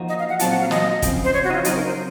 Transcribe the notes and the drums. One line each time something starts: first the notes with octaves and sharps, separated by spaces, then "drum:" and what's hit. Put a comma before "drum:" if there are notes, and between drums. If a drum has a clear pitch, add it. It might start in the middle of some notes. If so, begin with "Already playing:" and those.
Already playing: F3 A#3 D#4 F#4
D#5
F5
F#5
A#2 F#3 C4 F4 A5, drum: hi-hat
F#5
F5
D#5, drum: snare
C#3 F3 C4, drum: kick, hi-hat
C5
C#5
F#4
D#4
F4
C#3 F#3 C4 D#4, drum: hi-hat
A#4
C5